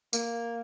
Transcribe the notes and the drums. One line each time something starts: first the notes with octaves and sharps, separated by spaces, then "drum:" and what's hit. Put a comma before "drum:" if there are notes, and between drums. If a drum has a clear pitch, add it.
A#3, drum: tambourine